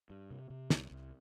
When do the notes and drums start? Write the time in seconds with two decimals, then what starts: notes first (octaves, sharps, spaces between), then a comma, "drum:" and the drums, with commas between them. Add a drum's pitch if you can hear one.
0.10 G2
0.31 C3
0.50 C3
0.70 C2, drum: snare
0.91 C2